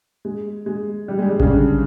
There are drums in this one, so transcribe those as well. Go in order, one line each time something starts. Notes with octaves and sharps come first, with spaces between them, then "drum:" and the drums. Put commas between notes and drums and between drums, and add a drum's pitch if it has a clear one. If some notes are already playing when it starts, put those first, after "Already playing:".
G#3
G#3
G3
G#3
G3
C#3, drum: kick A1
D3